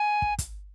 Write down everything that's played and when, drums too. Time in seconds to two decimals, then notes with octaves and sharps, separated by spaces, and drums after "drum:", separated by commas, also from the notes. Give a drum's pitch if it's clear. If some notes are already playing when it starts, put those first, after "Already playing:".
Already playing: G#5
0.22 drum: kick
0.39 drum: kick, hi-hat